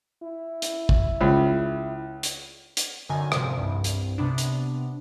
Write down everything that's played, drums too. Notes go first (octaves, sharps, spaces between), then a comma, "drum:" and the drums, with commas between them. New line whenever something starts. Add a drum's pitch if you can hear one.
E4
drum: hi-hat
drum: kick
C#2
drum: hi-hat
drum: hi-hat
F#2 D3 D#3 G#5
G#2 C3 F3, drum: rim click
C2 G2
drum: hi-hat
C3 B3 D4
drum: hi-hat